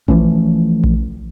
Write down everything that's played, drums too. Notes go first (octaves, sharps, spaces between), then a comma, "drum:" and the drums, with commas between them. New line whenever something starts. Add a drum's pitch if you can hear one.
E3 F3 A3 C#4, drum: kick A#1
drum: kick A#1